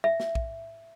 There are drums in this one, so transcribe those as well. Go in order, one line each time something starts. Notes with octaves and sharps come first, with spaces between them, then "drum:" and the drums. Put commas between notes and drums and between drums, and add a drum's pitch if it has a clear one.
E5
drum: snare
drum: kick A#1